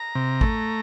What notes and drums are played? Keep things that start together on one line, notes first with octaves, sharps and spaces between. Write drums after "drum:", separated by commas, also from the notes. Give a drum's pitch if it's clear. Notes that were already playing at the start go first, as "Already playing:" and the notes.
Already playing: A#5
C3
A3, drum: kick